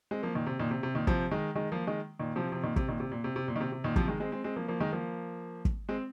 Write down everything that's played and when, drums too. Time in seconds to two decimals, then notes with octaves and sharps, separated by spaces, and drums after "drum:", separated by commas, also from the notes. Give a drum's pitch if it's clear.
0.11 G#3 C4
0.23 F3 A#3
0.35 A#2 D#3
0.47 C3
0.59 A#2 D#3
0.71 C3
0.83 C3
0.95 A#2 D#3
1.07 C3 F3, drum: kick
1.31 D#3 G#3
1.55 D#3 G#3
1.72 F3 A#3
1.87 D#3 G#3
2.19 A#2 D#3
2.36 C3 F3
2.52 C3 F3
2.63 A#2 D#3
2.76 C3, drum: kick
2.88 A#2 D#3
3.00 C3
3.12 A#2
3.24 C3
3.36 C3
3.48 A#2
3.56 D#3
3.61 C3
3.72 C3
3.84 A#2 D#3
3.96 C3 F3, drum: kick
4.08 D#3 G#3
4.20 G#3 C4
4.32 G#3 C4
4.44 G#3 C4
4.56 F3 A#3
4.68 F3 A#3
4.80 D#3 G#3
4.92 F3 A#3
5.65 drum: kick
5.89 G#3 C4